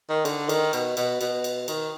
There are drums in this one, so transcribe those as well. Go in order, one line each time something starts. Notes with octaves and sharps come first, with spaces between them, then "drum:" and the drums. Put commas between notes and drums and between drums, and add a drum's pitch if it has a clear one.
D#3
D3, drum: cymbal
D#3, drum: cymbal
B2, drum: cymbal
B2, drum: cymbal
B2, drum: cymbal
drum: cymbal
D#3, drum: cymbal